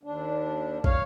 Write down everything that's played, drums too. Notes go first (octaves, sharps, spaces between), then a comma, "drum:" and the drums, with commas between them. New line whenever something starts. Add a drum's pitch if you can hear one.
D#2 D4
C#5 F5, drum: kick